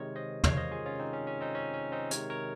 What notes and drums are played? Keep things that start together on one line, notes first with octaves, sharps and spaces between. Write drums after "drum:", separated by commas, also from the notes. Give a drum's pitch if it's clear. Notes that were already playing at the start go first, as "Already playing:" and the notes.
Already playing: C3 D#3 G#3 A#4 C#5
C5 D#5
C#5 F5, drum: tom
C5 D#5
F4 G#4
C#4 F4
C4 D#4
C#4
C#4
C4 D#4
C#4
C#4
C4 D#4
C3 D#3 G#3 A#4 C#5, drum: hi-hat
A#4 C#5